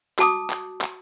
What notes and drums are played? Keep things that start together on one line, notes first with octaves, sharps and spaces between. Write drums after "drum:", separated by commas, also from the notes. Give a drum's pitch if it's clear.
F#4 A5 D6 D#6, drum: clap
drum: clap
drum: clap